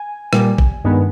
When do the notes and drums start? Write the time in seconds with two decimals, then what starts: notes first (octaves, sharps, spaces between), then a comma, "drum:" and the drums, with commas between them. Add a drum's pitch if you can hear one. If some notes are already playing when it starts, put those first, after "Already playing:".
Already playing: G#5
0.33 A#2 G3 A#3, drum: rim click
0.58 drum: kick
0.85 G2 D#3 G#3 B3